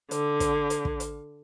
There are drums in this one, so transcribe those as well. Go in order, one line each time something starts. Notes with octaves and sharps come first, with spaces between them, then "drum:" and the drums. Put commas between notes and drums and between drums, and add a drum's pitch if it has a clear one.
D3, drum: hi-hat
drum: kick, hi-hat
drum: hi-hat
drum: kick
drum: hi-hat